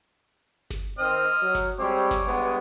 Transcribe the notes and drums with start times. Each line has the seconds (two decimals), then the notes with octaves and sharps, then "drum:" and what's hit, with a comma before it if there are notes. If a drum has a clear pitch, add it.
0.70 drum: snare G1
0.99 D#3 C4 D#5 F6
1.41 F#3
1.55 drum: snare G1
1.79 G3 G#3 C4 C#5 D6
2.11 drum: snare G1
2.27 G2 G#3 B3